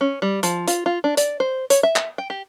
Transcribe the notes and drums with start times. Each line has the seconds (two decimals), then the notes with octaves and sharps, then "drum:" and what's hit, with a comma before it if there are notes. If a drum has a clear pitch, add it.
0.01 C#4
0.22 G3
0.43 F3, drum: hi-hat
0.68 F4, drum: hi-hat
0.86 F4
1.04 D4
1.17 D5, drum: hi-hat
1.40 C5
1.70 C#5, drum: hi-hat
1.83 E5
1.96 drum: clap
2.18 G5
2.30 G4